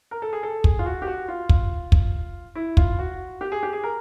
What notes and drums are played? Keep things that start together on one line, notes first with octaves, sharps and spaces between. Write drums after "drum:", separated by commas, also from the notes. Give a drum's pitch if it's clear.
A#4
A4
G#4
A4
G#4, drum: kick
F4
F#4
G4
F#4
F4
drum: kick
drum: kick
E4
F4, drum: kick
F#4
G4
G#4
G4
G#4
A#4